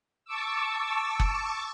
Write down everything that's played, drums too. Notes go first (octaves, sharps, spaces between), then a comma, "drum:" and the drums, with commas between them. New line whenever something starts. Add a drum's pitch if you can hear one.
A5 C#6 D6 E6
drum: kick F#1